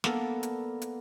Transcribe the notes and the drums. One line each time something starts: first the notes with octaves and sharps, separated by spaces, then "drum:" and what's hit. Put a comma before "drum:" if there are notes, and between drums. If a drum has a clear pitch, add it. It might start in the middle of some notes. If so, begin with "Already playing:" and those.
A#3 B3 D4 A4, drum: snare
drum: hi-hat
drum: hi-hat